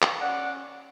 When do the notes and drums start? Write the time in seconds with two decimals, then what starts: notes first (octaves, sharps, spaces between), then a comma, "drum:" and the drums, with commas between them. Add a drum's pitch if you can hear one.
0.02 drum: clap
0.20 C#4 D5 F#5